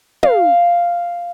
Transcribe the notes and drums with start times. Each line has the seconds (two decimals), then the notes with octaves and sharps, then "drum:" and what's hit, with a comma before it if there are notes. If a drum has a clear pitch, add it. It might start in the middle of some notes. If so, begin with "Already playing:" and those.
0.23 F5, drum: tom